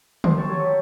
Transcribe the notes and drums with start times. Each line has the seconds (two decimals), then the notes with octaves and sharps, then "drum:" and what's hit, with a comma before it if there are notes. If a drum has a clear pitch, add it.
0.24 C5, drum: tom D3
0.35 G4 A5 C#6
0.48 F#3 A3 C#5
0.63 G4